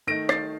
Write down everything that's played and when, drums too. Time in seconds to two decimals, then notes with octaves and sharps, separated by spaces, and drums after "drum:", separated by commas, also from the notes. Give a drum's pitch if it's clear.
0.07 D#3 A3 D#4 A#6 D7
0.29 A6 C7, drum: rim click